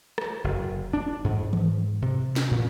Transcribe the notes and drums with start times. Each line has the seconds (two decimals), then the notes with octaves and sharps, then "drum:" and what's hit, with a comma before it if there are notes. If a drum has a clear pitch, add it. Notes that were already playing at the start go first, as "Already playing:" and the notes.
0.18 drum: rim click
0.44 F#1
0.93 D4
1.24 G#2
1.53 drum: tom D#3
2.02 C3
2.36 drum: snare
2.51 A#2